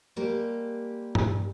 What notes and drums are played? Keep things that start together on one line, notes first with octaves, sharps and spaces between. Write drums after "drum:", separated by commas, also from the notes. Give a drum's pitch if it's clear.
G3 G#3 A#3 G4
drum: tom G2